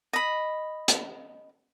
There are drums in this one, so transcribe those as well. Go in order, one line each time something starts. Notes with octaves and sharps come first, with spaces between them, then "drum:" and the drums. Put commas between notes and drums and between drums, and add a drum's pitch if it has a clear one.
D#5 B5
drum: hi-hat